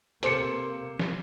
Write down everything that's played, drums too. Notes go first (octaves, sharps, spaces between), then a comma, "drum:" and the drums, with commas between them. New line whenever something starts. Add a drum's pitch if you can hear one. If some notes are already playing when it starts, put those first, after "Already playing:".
C3 A#3 A4 C5 D6 C#7, drum: hi-hat
drum: snare